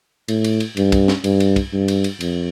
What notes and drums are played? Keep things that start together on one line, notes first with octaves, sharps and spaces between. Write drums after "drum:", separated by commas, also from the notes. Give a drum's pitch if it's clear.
A2, drum: cymbal
drum: cymbal
drum: cymbal
G2, drum: cymbal
drum: kick, cymbal
drum: snare
G2, drum: cymbal
drum: cymbal
drum: kick, cymbal
G2
drum: cymbal
drum: cymbal
F2, drum: cymbal